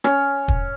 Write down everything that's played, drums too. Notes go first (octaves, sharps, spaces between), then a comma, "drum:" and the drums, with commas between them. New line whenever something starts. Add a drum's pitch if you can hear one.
C#4, drum: rim click
drum: kick